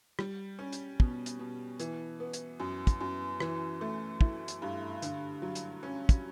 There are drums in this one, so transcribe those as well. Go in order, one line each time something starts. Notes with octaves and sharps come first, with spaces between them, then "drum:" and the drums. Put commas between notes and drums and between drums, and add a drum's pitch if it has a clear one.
G3, drum: rim click
C#4
drum: hi-hat
B2, drum: kick
drum: hi-hat
B2
E3, drum: hi-hat
B3
drum: hi-hat
F#2
drum: kick, hi-hat
F#2
E3, drum: rim click
A3
E4, drum: kick
drum: hi-hat
G2
D3, drum: hi-hat
F#3
drum: hi-hat
C#4
drum: kick, hi-hat